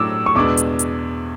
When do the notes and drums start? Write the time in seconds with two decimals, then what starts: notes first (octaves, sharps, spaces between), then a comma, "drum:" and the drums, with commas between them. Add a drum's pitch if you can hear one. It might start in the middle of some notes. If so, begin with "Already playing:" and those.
Already playing: A2 F#3 A3 D4 D6 E6
0.26 C#6
0.35 E2 B2 G#3 B3 D4 D6
0.57 drum: hi-hat
0.79 drum: hi-hat